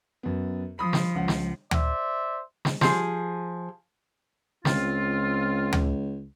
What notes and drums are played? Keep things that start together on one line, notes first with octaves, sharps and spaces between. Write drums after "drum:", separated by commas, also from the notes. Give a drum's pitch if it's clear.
F#2 B3
F3 B5 D#6
drum: snare
C#2 C#4 F#5
drum: snare
C5 D5 E5, drum: tom D2
drum: snare
F3 G#4, drum: snare
C#2 C4 F4, drum: snare
drum: tom D2